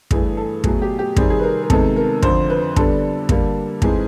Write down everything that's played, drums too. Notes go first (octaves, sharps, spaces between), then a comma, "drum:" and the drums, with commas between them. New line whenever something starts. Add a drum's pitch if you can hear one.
G2 E3 A3 G#4, drum: kick
A4
B2 F#3 A3 G#4, drum: kick
G4
G4
C3 D#3 G3 C4 G#4, drum: kick
G#4
B4
A#4
A#4
C3 D#3 G#3 B3 A4, drum: kick
A#4
F2 D3 F3 C5, drum: kick
B4
D3 G3 B3 D4 A4, drum: kick
D3 G3 A#3, drum: kick
G#2 E3 G#3 C4 G#4, drum: kick